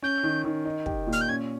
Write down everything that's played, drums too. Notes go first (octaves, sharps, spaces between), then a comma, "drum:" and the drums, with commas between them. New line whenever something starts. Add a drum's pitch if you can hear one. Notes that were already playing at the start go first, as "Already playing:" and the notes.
C#4 G6
D#3
D#3
D#4
G4, drum: kick
A#2
F6, drum: hi-hat
G6
C#4 G#6